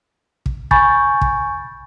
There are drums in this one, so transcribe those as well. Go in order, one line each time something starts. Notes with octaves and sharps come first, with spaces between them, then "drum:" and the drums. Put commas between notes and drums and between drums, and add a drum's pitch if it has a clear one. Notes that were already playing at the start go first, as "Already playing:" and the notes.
drum: kick
G#5 B5 C#6 G6 A6, drum: kick
drum: kick